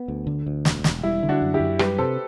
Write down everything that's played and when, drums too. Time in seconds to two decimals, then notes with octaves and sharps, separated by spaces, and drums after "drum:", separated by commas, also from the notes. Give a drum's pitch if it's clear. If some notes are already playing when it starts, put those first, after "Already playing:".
Already playing: B3
0.08 D2
0.27 D3
0.47 D2
0.65 E1, drum: snare
0.84 E1, drum: snare
1.03 G3 E4
1.23 D3
1.29 D4 F#4
1.42 F#2
1.54 E4 G4
1.60 F#2
1.79 G3 G4 B4, drum: rim click
1.98 C3 A4 C5